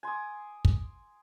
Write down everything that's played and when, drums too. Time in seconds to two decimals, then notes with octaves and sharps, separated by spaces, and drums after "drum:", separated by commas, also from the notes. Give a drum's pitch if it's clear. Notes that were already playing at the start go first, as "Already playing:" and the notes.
0.03 G#5 C6 D6 D#6
0.65 drum: kick